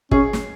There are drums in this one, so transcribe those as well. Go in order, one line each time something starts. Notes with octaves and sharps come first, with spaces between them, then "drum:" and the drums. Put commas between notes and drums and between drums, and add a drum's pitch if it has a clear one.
C#4 G#4, drum: kick
drum: snare